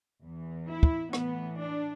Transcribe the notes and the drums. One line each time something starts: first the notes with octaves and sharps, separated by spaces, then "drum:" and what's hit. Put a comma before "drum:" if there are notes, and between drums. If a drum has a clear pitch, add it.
E2 E3
E4
drum: kick
A2 E3 B3, drum: rim click
D4